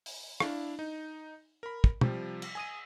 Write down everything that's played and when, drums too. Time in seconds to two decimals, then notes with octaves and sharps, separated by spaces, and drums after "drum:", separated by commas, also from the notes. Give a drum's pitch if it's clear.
0.06 drum: open hi-hat
0.40 D4 E4 F5, drum: rim click
0.79 D#4
1.63 A#4 B5
1.84 drum: kick
2.01 C3 F3 G3, drum: tom
2.42 drum: cymbal
2.55 G#5 D#6 D#7